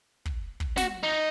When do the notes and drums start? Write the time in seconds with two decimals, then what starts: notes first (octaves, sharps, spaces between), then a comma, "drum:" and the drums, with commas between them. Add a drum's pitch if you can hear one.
0.25 drum: kick
0.60 drum: kick
0.77 F#4, drum: snare
1.03 D#4